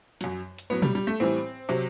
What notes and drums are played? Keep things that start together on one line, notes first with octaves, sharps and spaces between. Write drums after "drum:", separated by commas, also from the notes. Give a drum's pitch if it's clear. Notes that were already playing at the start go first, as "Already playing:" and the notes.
F#2 F#3, drum: hi-hat
drum: hi-hat
A2 F#3 B3
G3, drum: tom
G3
A3
A2 E3 G3 C4
C3 F#3